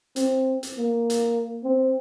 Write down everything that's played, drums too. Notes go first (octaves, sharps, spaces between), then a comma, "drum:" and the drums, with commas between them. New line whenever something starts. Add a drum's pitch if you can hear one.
C4, drum: hi-hat
drum: hi-hat
A#3
drum: hi-hat
C4